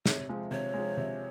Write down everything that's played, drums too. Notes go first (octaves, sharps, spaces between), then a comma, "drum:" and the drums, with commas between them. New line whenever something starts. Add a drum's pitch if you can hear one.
C3 C#5, drum: snare
F3 G#3
C3 C#5
F3 G#3
C3